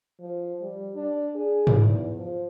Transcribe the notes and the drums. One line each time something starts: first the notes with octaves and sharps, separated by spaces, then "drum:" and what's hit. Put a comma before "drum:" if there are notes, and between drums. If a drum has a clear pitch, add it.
F3
G3
D4
G#4
drum: tom G#2
E2
F3